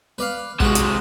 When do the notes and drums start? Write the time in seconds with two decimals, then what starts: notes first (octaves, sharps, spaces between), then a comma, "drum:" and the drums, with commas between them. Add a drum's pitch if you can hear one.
0.18 B4 D5 F5
0.60 C3 G#3 F#4 F#5, drum: kick
0.75 drum: hi-hat